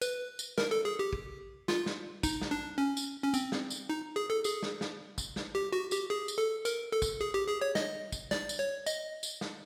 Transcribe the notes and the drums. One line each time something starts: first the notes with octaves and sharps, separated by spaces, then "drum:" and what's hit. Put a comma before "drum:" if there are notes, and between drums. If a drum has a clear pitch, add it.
B4, drum: tambourine
drum: tambourine
A#4, drum: snare
A4
G#4
G4
drum: kick
F4, drum: snare
drum: snare
D#4, drum: kick, tambourine
drum: snare
D4
C#4
drum: tambourine
C#4
C4, drum: tambourine
drum: snare
drum: tambourine
D#4
G#4
A4
G#4, drum: tambourine
drum: snare
drum: snare
drum: kick, tambourine
drum: snare
G4
F#4
G4, drum: tambourine
G#4
drum: tambourine
A4
A#4, drum: tambourine
A4
drum: kick, tambourine
G#4
G4
G#4
C#5
D#5, drum: snare
drum: kick, tambourine
D5, drum: snare
drum: tambourine
C#5
D#5, drum: tambourine
drum: tambourine
drum: snare